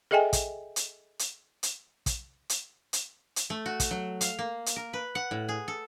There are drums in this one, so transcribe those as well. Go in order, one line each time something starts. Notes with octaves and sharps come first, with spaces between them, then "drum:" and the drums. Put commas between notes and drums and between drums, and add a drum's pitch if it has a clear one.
G#4 A4 D#5 E5 G5 G#5
drum: kick, hi-hat
drum: hi-hat
drum: hi-hat
drum: hi-hat
drum: kick, hi-hat
drum: hi-hat
drum: hi-hat
drum: hi-hat
A3
F#4
drum: kick, hi-hat
F#3
F5, drum: hi-hat
A#3
drum: hi-hat
A#4
B4
F#5
A2
G#4
A4